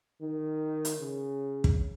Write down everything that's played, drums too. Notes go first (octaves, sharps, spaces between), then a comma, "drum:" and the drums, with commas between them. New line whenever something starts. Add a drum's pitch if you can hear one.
D#3
drum: hi-hat
C#3
drum: kick